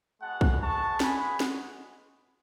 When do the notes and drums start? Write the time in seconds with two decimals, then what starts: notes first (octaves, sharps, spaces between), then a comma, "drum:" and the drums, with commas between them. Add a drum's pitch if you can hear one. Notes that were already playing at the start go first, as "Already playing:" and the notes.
0.21 G#3 B3 F#4 F#5 A5
0.41 drum: kick
0.60 A5 C#6
1.00 G#5 B5, drum: snare
1.40 drum: snare